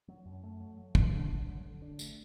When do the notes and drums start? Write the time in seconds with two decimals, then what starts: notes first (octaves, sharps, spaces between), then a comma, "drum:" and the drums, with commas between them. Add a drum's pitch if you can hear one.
0.08 F#3
0.25 F#2
0.44 A3
0.60 F#3
0.78 F#3
0.95 F#3, drum: kick
1.12 D4
1.31 F#3
1.47 D3
1.65 D3
1.82 D4
1.99 A3, drum: tambourine